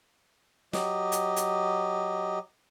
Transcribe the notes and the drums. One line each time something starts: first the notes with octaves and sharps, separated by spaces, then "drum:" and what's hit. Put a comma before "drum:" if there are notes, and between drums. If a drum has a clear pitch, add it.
F#3 G4 D#5, drum: snare
drum: hi-hat
drum: hi-hat